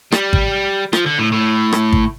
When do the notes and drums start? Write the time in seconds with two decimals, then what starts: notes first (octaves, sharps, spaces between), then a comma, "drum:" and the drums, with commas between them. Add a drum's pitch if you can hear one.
0.12 G3, drum: rim click
0.33 drum: kick
0.93 F3, drum: rim click
1.06 D3
1.19 A2
1.32 A2
1.73 drum: rim click
1.92 drum: kick